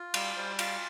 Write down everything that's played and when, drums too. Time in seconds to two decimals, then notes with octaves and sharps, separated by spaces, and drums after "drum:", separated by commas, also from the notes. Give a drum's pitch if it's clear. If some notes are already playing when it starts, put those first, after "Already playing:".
Already playing: F4
0.14 G3 F5, drum: cymbal
0.36 G3 C5
0.59 F4 F5, drum: cymbal